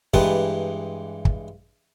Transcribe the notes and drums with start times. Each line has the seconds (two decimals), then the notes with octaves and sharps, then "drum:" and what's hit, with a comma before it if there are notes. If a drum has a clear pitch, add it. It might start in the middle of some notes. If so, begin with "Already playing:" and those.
0.14 G2 E3 G#3 G4 B4 A5, drum: kick
1.25 drum: kick